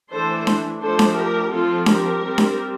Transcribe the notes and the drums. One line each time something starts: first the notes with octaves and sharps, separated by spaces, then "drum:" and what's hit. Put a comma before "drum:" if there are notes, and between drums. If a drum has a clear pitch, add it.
E3 A3 D4 A4 C5
drum: snare D4
F3 A3 D4 A4 C5
drum: snare D4
G4 A#4
F3 C4 F4 A4
G4 A#4, drum: snare D4
G3 C4
drum: snare D4